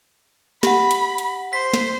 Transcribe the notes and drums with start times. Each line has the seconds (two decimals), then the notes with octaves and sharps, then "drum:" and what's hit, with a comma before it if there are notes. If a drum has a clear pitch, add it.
0.63 G4 F#5 B5, drum: snare
0.91 drum: hi-hat
1.18 drum: hi-hat
1.53 C5 B6
1.74 drum: snare